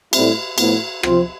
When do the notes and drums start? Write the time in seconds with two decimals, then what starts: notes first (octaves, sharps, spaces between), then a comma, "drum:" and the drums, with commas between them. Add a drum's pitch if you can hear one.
0.13 A2 G3 C4 E4, drum: cymbal
0.58 A2 F3 B3, drum: cymbal
1.03 C3 F3 C4 F4, drum: rim click